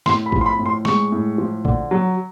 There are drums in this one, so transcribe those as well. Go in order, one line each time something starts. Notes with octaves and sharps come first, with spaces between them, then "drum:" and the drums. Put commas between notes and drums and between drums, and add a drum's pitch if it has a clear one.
A2 C6, drum: snare
B5
F3, drum: kick A1
C6
B5
A2
C6
G#3 C#6, drum: snare
A2
F3
D3, drum: kick A1
F#3